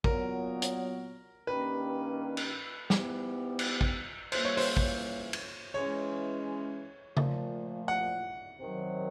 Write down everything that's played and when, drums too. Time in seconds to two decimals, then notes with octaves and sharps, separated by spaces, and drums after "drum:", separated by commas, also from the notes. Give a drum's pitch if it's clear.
0.04 A#2 F#3 B3 A#4, drum: kick
0.62 drum: hi-hat
1.47 G2 D#3 G3 A#3 C#4 B4
2.37 drum: cymbal
2.90 G#2 E3 G3 B3, drum: snare
3.59 drum: cymbal
3.81 drum: kick
4.32 F2 C#3 E3 G3 A#3 C5, drum: cymbal
4.45 C#5
4.57 C5, drum: open hi-hat
4.77 drum: kick
5.33 drum: cymbal
5.74 E3 G#3 C#4 C#5
7.17 A#2 F3 A3, drum: tom C#3
7.88 F#5
8.59 C3 D#3 F#3